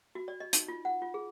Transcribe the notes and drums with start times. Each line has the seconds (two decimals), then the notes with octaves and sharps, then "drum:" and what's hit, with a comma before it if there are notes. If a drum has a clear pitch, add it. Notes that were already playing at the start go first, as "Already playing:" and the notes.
0.15 F#4
0.28 D5
0.40 D#5
0.53 D#4, drum: hi-hat
0.68 F4
0.85 F#5
1.02 F4
1.14 G#4